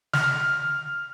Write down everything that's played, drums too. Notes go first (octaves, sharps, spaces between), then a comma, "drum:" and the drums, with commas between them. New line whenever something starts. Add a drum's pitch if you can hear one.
F6, drum: snare